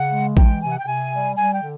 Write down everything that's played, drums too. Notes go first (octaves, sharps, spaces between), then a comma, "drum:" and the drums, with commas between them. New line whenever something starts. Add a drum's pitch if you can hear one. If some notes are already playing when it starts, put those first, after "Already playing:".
Already playing: C#3 F#5
G#3
E3 G5, drum: kick A1
C3 G#5
F#5
G5
C3 G#5
G3
G3 G#5
G5
D3